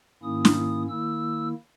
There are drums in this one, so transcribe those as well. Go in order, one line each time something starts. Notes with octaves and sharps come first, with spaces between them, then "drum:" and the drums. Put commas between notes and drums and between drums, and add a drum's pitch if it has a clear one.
G#2 D#3 A#3 C#4 E4 D#6
drum: snare
D#3 A#3 E4 E6